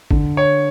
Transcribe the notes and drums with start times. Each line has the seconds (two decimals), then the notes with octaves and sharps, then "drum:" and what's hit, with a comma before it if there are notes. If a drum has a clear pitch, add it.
0.11 D3, drum: kick
0.37 C#5